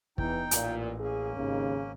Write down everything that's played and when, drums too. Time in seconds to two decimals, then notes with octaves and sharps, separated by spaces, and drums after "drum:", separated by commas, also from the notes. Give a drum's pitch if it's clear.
0.18 E2 E3 D#4 G5, drum: kick
0.51 A1 A#2, drum: hi-hat
1.00 A#3 C#4 G#4
1.38 G#1 D#2 C#3